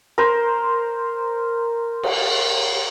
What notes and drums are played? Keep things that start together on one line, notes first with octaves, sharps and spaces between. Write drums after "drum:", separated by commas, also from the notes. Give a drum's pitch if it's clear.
A#4 C5
drum: cymbal